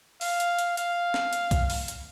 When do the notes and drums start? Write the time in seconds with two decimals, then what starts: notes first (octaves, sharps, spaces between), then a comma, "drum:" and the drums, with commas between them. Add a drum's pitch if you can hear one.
0.21 F5, drum: open hi-hat
0.40 drum: hi-hat
0.59 drum: hi-hat
0.77 F5, drum: hi-hat
1.14 drum: snare
1.33 drum: hi-hat
1.51 drum: kick B1, hi-hat
1.70 drum: open hi-hat
1.88 drum: hi-hat